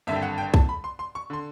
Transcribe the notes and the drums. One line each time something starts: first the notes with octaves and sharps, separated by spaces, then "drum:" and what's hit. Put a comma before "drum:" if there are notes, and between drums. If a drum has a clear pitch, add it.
G#1 G2 D3 E5
G5
F#5
G5
A5, drum: kick B1
B5
C6
C6
C#6
D3 C6